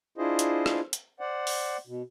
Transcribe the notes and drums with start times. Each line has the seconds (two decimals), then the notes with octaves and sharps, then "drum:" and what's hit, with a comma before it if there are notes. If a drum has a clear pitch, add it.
0.18 D4 E4 F4 G#4 C5 D#5
0.39 drum: hi-hat
0.66 drum: rim click
0.93 drum: hi-hat
1.20 C5 D5 F#5
1.47 drum: open hi-hat
1.87 B2